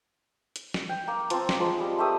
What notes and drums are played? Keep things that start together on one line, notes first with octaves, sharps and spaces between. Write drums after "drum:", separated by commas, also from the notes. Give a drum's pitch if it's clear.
drum: hi-hat
drum: snare
G5
A#3
F3 C4, drum: hi-hat
drum: snare
F3 G#3
G3 G#4
A3 G4 E5 D#6